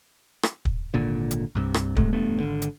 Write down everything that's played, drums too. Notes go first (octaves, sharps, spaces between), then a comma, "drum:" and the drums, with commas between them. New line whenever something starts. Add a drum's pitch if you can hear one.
drum: rim click
drum: kick
G#1 A#2 D3
drum: hi-hat
C2 G2 C3
drum: rim click
G#2 C3 G#3 A3, drum: kick
E1 G2 A3 B3
G#1 D3
drum: hi-hat